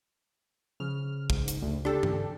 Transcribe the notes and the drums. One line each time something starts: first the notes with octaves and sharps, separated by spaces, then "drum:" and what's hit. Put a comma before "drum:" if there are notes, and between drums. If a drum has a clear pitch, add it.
C#3 F3 F6
G#2, drum: kick
drum: hi-hat
D2
D4 G4 A4, drum: rim click
drum: tom G2